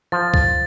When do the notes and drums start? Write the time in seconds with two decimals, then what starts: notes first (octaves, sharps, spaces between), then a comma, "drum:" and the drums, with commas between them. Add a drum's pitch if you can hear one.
0.12 F3 A6
0.34 A6, drum: kick